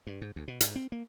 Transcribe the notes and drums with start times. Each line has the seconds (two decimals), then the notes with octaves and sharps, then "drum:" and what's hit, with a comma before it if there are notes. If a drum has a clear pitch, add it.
0.07 G2
0.21 G#2
0.36 D2
0.48 B2
0.60 G#2, drum: hi-hat
0.76 C4
0.92 A#3